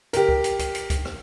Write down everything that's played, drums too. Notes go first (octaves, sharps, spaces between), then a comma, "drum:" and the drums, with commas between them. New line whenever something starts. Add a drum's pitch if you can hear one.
G4 A#4, drum: hi-hat
drum: kick C#2
drum: hi-hat
drum: kick C#2, hi-hat
drum: hi-hat
drum: kick C#2, hi-hat
drum: rim click